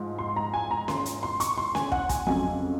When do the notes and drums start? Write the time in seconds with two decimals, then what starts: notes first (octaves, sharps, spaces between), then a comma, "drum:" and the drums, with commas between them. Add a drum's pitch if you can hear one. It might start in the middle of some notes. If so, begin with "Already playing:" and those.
Already playing: G#2 F3
0.19 C6
0.36 A#5
0.54 G#5
0.71 A#5
0.88 C6, drum: snare C#4
1.05 drum: hi-hat
1.23 C6
1.40 C#6, drum: hi-hat
1.58 C6
1.75 G#5, drum: snare C#4
1.92 F#5, drum: kick
2.09 G#5, drum: kick, hi-hat
2.27 F2 C#3 F#3 G#5